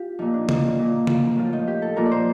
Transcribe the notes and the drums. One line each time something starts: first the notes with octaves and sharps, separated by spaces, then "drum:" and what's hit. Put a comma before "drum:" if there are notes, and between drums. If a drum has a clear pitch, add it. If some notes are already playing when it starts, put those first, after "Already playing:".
Already playing: F4 G4
A#2 F3 D#4
D4
D#4, drum: tom C#3
A#2 F3
F4, drum: tom C#3
A2 F3 F4
D#4
G4
A4
A#2 F3 A#4
D5
C5